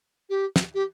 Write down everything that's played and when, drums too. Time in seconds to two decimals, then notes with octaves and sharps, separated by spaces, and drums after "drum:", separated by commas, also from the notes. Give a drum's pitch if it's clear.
0.29 G4
0.56 drum: snare
0.74 G4